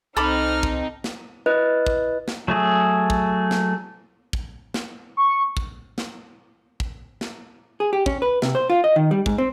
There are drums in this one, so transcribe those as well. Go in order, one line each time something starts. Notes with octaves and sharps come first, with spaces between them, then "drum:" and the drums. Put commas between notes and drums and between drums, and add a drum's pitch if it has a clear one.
C2 C4 D#4 A4 B5 D6 F6
drum: kick
drum: snare
E4 B4 D#5 F#6
drum: kick
drum: snare
F#3 A3 G#4
drum: kick
drum: snare
drum: kick
drum: snare
C#6
drum: kick
drum: snare
drum: kick
drum: snare
G#4
G4
C#4, drum: kick
B4
C3, drum: snare
C5
F4
D#5
D#3
G3
G#2, drum: kick
C4